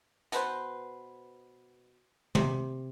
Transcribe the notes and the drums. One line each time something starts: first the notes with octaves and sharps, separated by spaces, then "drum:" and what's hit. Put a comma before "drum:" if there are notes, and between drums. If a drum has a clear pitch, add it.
B2 B4 C5, drum: hi-hat
C3, drum: tom